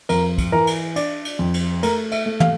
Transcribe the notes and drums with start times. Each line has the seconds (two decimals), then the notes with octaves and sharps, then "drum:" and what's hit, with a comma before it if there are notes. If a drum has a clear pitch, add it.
0.09 F2 A#4, drum: cymbal
0.38 drum: kick, cymbal
0.52 E3 A#4
0.67 drum: cymbal
0.96 D4 D5, drum: cymbal
1.25 drum: cymbal
1.39 F2
1.54 drum: cymbal
1.83 A3 A#4, drum: cymbal
2.12 E5, drum: cymbal
2.26 A3
2.40 F5, drum: tom